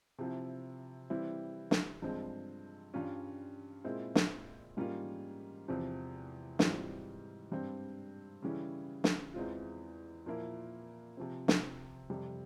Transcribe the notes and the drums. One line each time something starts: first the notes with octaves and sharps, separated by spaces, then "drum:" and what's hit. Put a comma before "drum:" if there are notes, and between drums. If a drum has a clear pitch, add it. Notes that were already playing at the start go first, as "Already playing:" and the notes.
C3 F3 C4 E4
E3 G3 C4 E4
drum: snare
G2 F3 G#3 C4
G2 G3 C#4 F4
A#2 G#3 C4 E4
drum: snare
G#2 G3 A#3 C#4 F4
E2 C3 F3 C4
G#2 E3 G3 C4 F4, drum: snare
G2 G3 C4
C#3 E3 G3 C#4 E4
drum: snare
E2 E3 G#3 C4 F4
A#2 F3 A#3 E4
C3 F3 C4
drum: snare
F2 C3 G3